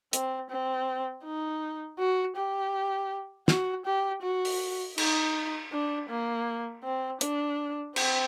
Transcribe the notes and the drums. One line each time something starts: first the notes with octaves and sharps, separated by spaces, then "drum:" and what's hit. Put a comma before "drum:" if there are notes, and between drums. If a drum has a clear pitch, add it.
C4, drum: hi-hat
C4
D#4
F#4
G4
F#4, drum: snare
G4
F#4
drum: open hi-hat
D#4, drum: cymbal
D4
A#3
C4
D4, drum: hi-hat
C4, drum: cymbal